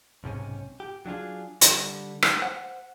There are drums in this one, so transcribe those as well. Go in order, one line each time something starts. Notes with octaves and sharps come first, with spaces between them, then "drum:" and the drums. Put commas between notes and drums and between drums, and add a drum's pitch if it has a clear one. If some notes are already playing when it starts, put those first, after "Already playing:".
B1 G#2 C3 C#4
G4
F#3 D4 F4 G#4
D3 G3, drum: hi-hat
drum: rim click
C5 F#5